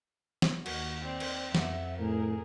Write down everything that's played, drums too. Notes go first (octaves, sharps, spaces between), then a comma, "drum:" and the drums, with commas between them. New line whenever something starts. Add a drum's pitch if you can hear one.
drum: snare
D#2 F#4, drum: cymbal
C4 D5
drum: cymbal
F2 E5 F#5, drum: snare
A2 G#4 A#4